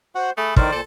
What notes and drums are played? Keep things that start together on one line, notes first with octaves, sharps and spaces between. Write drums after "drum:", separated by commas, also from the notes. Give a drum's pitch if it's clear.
F#4 C5 F#5
A3 G#4 B5
A2 D#3 A#4 C5 D5, drum: kick
A#2 A4